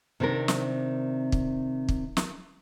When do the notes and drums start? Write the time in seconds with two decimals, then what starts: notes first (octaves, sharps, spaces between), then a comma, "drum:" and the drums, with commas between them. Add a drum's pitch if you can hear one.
0.20 C3 D#3 C4 D4 A#4
0.48 drum: snare
1.32 drum: kick
1.89 drum: kick
2.17 drum: snare